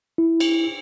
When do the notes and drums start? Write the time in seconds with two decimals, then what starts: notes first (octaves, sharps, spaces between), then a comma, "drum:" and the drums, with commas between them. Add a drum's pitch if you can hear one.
0.18 E4
0.40 drum: cymbal